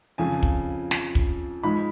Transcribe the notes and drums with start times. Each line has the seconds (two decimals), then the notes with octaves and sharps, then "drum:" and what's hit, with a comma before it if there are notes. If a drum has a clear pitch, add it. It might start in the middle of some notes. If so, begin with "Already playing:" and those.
0.18 F2 C#3 F3 G#5
0.43 drum: kick
0.91 drum: snare
1.15 drum: kick
1.63 G#2 F3 G#3 B5